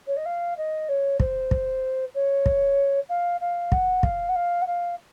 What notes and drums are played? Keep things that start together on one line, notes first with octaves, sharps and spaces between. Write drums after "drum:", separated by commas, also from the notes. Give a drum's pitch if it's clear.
C#5
D#5
F5
D#5
C#5
C5, drum: kick
drum: kick
C#5
drum: kick
F5
F5
F#5, drum: kick
F5, drum: kick
F#5
F5
F#5
F5